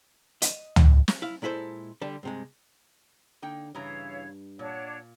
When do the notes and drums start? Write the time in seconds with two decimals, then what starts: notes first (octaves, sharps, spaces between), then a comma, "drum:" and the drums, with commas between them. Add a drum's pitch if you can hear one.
0.42 D#5, drum: hi-hat
0.76 drum: tom
1.08 drum: snare
1.22 E4 F5
1.42 A#2 G#3 E4 A4 C5
2.01 D3 G3 A5
2.23 G2 C3 G#3
3.42 D3 A#3 D#4 G5
3.75 G2 C#3 E3 E4 C#5 F5 A#5
4.59 A#2 D4 C#5 F#5